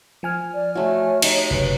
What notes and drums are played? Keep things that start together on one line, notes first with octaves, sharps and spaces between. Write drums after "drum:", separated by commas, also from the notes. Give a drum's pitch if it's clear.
F3 G#5 F6
D5
A3 F#4 C#5
D#4 G4, drum: cymbal
F#1 A2 C3 B4